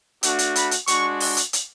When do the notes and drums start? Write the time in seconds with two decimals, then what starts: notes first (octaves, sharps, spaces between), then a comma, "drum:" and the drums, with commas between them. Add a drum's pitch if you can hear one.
0.23 A3 D4 F#4, drum: hi-hat
0.39 drum: hi-hat
0.56 B5, drum: hi-hat
0.71 drum: hi-hat
0.87 G#3 D4 F#4 C#6, drum: hi-hat
1.20 drum: open hi-hat
1.37 drum: hi-hat
1.53 drum: hi-hat